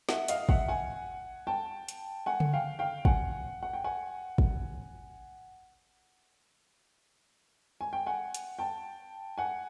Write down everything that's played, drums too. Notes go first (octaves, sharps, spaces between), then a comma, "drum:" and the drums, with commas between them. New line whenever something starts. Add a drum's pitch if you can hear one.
E5 F#5, drum: snare
D#5 F5, drum: hi-hat
E5 F#5, drum: kick
F#5 G#5
G5 A5
drum: hi-hat
F#5 G#5
drum: tom C#3
F5 G5
F5 G5
F#5 G#5, drum: kick
F#5
G5
F#5 G#5
drum: kick
G#5
G5
F#5 G#5
drum: hi-hat
G5 A5
F#5 G#5